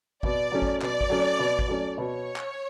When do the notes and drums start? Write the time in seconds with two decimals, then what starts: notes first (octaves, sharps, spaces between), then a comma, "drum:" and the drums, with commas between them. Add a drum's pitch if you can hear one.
0.23 B2 D5, drum: kick G#1
0.52 F#3 A3 C#4
0.62 drum: kick G#1
0.82 B2 D5, drum: clap
1.01 drum: kick G#1
1.10 F#3 A3 C#4
1.39 B2
1.59 drum: kick G#1
1.68 F#3 A3 C#4
1.98 B2 C#5
2.36 drum: clap